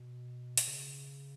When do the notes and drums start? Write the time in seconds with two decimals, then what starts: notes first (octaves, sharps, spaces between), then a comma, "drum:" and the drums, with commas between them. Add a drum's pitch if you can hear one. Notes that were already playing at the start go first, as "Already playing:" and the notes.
Already playing: B2
0.57 drum: hi-hat
0.68 C#3